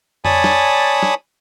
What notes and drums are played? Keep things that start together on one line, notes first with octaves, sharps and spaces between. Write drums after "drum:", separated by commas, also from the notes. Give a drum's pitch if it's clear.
C#5 D5 G#5 A5 B5 D#6, drum: tom F2
drum: snare
drum: snare